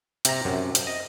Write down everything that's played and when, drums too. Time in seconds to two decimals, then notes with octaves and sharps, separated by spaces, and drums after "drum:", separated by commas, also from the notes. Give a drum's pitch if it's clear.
0.25 C3 A#5, drum: hi-hat
0.45 F#2 C3
0.75 drum: hi-hat
0.87 D#5